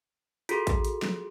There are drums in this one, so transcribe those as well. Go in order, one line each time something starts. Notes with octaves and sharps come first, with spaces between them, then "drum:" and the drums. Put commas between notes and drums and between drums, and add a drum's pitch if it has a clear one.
F4 F#4 G#4 A4 C6, drum: hi-hat
drum: kick A1, hi-hat
drum: hi-hat
drum: snare